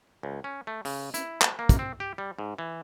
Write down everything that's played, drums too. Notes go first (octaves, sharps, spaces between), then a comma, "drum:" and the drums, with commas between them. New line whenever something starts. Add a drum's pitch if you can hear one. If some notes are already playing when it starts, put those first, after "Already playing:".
C#2
C#4
A3
C#3, drum: open hi-hat
E4, drum: hi-hat
A5, drum: clap
A#3
drum: kick, hi-hat
C4
G4
G3
G#2
E3